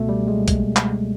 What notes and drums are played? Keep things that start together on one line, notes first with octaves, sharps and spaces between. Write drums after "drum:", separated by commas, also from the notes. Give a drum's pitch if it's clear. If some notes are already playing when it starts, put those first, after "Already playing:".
Already playing: C#2 B2 A3
G3
G#3
drum: kick, hi-hat
drum: clap